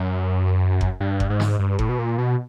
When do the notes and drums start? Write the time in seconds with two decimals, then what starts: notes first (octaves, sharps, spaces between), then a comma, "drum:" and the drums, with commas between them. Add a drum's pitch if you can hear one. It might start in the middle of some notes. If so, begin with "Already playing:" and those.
Already playing: F#2
0.81 drum: kick F#1
1.00 G2
1.20 drum: kick F#1
1.30 G#2
1.40 drum: snare
1.59 G2
1.79 A2, drum: kick F#1
1.89 B2
1.99 A#2
2.18 B2